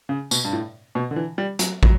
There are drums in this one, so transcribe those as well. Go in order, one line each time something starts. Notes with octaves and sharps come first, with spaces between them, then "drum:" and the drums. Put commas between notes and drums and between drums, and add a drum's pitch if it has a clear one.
C#3
B2, drum: tambourine
G2
A2
B2
D3
E3
G3
F#3, drum: hi-hat
F#3, drum: kick